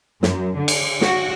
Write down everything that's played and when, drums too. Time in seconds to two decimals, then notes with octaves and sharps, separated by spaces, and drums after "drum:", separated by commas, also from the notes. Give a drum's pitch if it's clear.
0.23 F#2, drum: snare
0.57 D3
0.68 drum: cymbal
1.01 F#4, drum: snare